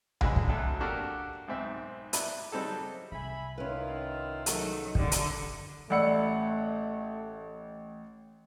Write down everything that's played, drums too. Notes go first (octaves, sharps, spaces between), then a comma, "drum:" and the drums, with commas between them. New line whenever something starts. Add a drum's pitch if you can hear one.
D3 F#3 G#3 D4 B4, drum: tom C2
drum: kick
D2 F#3 A4 E5
A#3 D4 F#4 G4 A4 A#4
B1 G#2 C4 E5
E4 B4 D5, drum: hi-hat
F#3 G3 C4 D#4 G#4 A4
C2 E5 G#5 B5
D#3 C#4 E4 F4 B4
D#3 F#3 G#3 A3 F#4, drum: hi-hat
D3 G3 A#3, drum: kick
drum: hi-hat
A1 A3 D5 F#5 B5 E6 C#7